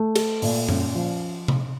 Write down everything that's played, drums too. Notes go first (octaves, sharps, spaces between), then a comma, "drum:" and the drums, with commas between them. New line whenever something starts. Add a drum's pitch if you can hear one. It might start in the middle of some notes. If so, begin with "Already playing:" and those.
Already playing: A3
A4, drum: cymbal
A#2, drum: open hi-hat
C#4, drum: tom F#2
F3
drum: tom C3